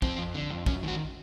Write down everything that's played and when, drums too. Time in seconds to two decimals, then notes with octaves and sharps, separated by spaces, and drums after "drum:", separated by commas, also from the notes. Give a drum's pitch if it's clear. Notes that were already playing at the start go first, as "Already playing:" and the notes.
0.02 F2 C4, drum: kick
0.18 F2
0.34 D3
0.50 F2
0.66 F#2 C#4, drum: kick
0.83 D#3 F#4